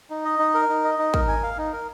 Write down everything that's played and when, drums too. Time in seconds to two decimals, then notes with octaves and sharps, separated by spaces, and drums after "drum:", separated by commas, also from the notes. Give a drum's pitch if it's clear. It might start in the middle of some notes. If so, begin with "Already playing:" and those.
0.10 D#4
0.25 D#5
0.39 D#4
0.54 A#4
0.69 D#4
0.84 D#5
0.99 D#4
1.14 A#4, drum: kick
1.28 G#5
1.43 F5
1.58 D#4
1.73 A#4